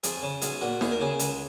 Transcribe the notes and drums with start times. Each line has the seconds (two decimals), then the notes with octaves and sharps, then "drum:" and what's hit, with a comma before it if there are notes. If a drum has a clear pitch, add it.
0.03 F2 G#4, drum: hi-hat
0.22 C#3
0.41 B1 G#4, drum: hi-hat
0.61 A#2 F#4
0.81 D#2 G#4, drum: snare
0.91 A#4
1.00 C#3 G#4
1.19 C#2, drum: hi-hat